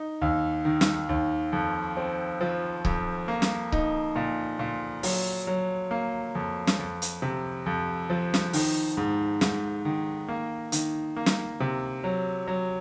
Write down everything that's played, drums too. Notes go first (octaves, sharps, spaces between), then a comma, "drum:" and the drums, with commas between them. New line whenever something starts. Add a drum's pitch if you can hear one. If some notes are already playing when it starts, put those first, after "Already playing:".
Already playing: D#4
D#2
D#3
drum: snare
D#2
F2
C4
F3
F2, drum: kick C#1
A#3
drum: snare
D#4, drum: kick C#1
A#2
A#2
F#3, drum: open hi-hat
F#3
A#3
F2
drum: snare
F2
drum: hi-hat
C3
F2
F3
drum: snare
D#3, drum: open hi-hat
G#2
G#2, drum: snare
D#3
A#3
D#3, drum: hi-hat
A#3
drum: snare
C3
F#3
F#3